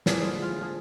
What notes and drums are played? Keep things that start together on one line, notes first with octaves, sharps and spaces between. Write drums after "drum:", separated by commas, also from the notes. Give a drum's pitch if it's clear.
E3 F3 A#3 G#4, drum: snare
D3 F3 G#3
F4
F3 G#4